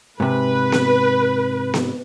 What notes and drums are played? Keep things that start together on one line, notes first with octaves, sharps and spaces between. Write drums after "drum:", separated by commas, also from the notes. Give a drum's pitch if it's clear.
G#2 C3 B4
drum: snare B3
drum: snare B3